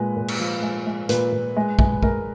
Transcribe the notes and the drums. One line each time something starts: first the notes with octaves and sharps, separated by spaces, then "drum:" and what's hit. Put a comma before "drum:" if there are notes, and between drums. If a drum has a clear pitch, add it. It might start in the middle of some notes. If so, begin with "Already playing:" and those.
Already playing: A#2 G#3 B4
A#2
drum: cymbal
F3
G#3
G#3
A#2 B4, drum: hi-hat
A#2
G#3
G#3, drum: kick
G#3 A#4, drum: kick